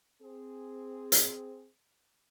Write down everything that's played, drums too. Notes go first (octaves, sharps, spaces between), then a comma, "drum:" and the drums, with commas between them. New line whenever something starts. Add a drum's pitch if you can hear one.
C4 G#4
drum: hi-hat